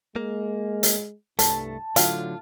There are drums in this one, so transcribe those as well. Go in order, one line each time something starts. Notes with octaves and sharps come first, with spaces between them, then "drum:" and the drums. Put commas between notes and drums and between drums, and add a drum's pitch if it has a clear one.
G#3 A#3
drum: hi-hat
C2 G2 A3 A5, drum: hi-hat
A2 D3 F3 F#3 F4, drum: hi-hat